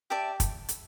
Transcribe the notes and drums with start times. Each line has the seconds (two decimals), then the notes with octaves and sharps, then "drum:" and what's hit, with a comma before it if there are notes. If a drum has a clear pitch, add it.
0.10 G4 D5 E5 A5
0.40 drum: kick, hi-hat
0.69 drum: hi-hat